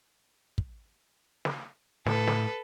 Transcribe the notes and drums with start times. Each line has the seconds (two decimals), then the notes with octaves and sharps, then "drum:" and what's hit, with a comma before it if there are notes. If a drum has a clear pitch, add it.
0.58 drum: kick
1.45 drum: snare
2.06 A2 A4 B4, drum: snare
2.27 drum: snare